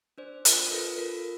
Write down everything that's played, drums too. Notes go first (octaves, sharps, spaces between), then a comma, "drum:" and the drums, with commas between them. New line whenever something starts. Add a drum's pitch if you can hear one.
D4 C5 D5
F4 A#4, drum: hi-hat
F4 A4 B4
F4 A#4